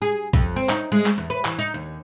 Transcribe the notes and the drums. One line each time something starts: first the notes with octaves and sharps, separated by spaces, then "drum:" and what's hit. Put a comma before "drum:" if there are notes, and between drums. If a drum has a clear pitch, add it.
G#4
F2, drum: kick A#1
C4
D#4, drum: clap
G#3
drum: clap
E2
B4
E3, drum: clap
D#4
D#2